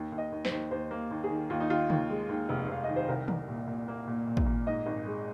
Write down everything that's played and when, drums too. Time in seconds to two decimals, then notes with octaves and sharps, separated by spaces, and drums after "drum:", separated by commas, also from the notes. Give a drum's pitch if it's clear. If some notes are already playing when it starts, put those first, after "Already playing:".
Already playing: D#2
0.12 D#2
0.18 D#5
0.32 D#2
0.45 C5, drum: snare
0.51 D#2
0.71 D#2 C5
0.91 A#3
1.11 D#2
1.24 G#4
1.30 D#3
1.50 D#2 F4
1.60 D#4
1.70 D#3 F4
1.90 D#2, drum: tom
2.09 G#3
2.29 D#2
2.49 F1
2.69 F1 F5
2.84 D#3 D#5
2.96 C5
3.08 C2 A#4
3.28 C2, drum: tom
3.48 A#2
3.67 A#2
3.88 A#3
4.07 A#2
4.27 A#2
4.37 drum: kick
4.46 A#2
4.66 G#2 D#5
4.86 G#1
5.06 G#3